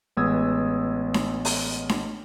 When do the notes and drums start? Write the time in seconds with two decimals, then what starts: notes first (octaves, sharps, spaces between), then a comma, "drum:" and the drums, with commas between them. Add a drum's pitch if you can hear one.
0.17 A1 G#3 B3 D#6 E6 G#6
1.14 drum: snare D4
1.45 drum: open hi-hat
1.89 drum: snare D4